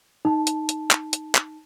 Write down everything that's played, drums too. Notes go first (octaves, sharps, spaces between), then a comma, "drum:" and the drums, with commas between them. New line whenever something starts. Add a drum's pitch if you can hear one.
D#4 A5
drum: hi-hat
drum: hi-hat
drum: clap
drum: hi-hat
drum: clap